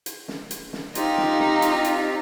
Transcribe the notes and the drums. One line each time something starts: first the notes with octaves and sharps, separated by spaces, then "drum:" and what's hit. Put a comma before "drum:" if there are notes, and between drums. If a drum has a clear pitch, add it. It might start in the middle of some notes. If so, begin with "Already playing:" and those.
drum: hi-hat
drum: snare
drum: hi-hat
drum: snare
C4 D#4 F4 G4, drum: hi-hat
drum: snare
drum: snare
drum: hi-hat
drum: hi-hat